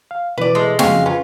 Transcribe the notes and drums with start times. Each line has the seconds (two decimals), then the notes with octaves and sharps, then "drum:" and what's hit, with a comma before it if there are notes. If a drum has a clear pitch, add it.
0.11 F5
0.38 B2 E3 B4 D5
0.55 G#3 A3
0.79 F2 C#3 F#3 C4 C#4 F5, drum: snare
1.06 C#4 F4 B4